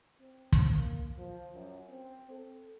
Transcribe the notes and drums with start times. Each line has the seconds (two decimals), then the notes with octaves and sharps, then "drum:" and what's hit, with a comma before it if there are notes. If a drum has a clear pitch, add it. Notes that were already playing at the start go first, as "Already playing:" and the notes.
0.21 C4
0.52 drum: kick, hi-hat
0.71 A#3
1.18 F3
1.54 F#2
1.89 C4
2.31 A4